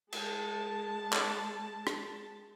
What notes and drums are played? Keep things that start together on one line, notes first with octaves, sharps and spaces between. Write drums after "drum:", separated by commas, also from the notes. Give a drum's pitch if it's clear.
G#3 A5, drum: cymbal
drum: clap
drum: rim click